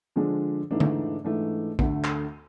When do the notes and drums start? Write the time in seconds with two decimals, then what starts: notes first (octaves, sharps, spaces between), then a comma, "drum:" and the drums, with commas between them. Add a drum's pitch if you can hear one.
0.16 D3 F3 G#3 D4 G#4
0.71 G#2 E3 A3 D4
0.80 drum: tom D3
1.24 G#2 E3 A3 D4
1.79 D2 D3 A3, drum: kick A#1
2.04 drum: clap